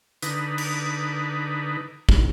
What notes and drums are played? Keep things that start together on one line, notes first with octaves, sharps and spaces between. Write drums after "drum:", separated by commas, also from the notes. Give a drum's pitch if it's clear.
D3 D#4 B4, drum: hi-hat
drum: cymbal
drum: kick